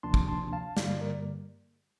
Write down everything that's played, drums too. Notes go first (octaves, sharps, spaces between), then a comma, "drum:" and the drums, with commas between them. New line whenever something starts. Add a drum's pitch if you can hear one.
D2 C3 F3 A#3 D4 A5 C6
drum: kick
A5 C6
F5 A5
G2 D3 G3 A#3 D5 F5, drum: snare
A#4 D5